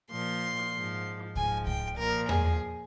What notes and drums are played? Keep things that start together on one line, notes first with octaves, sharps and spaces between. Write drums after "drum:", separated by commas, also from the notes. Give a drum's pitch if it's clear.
A#2 F3 C6
G#2 F3
G#2 F3 G#5, drum: kick C2
G5, drum: kick C2
A#2 F3 A#4
G#4, drum: tom E2